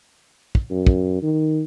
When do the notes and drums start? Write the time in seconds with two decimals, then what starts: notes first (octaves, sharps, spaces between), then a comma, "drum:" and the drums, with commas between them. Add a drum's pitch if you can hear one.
0.55 drum: kick
0.71 F#2
0.87 drum: kick
1.22 D#3